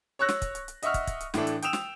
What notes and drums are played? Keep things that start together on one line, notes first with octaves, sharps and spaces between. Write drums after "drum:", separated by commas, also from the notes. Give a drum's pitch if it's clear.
C#5 C#6 E6 F#6 A#6
drum: snare
drum: kick, hi-hat
drum: hi-hat
drum: hi-hat
D#5 E5 F#5 C#6 F6, drum: hi-hat
drum: kick, hi-hat
drum: kick, hi-hat
drum: hi-hat
A2 E3 A3 D4, drum: snare
drum: hi-hat
G5 D#6 E6 E7 F7, drum: hi-hat
drum: snare